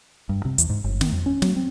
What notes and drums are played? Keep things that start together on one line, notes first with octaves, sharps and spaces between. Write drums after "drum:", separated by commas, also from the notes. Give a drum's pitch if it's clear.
G2
C3
E2, drum: hi-hat
G#2
G1
D#3, drum: snare
F2
C#4
F#3, drum: snare
C4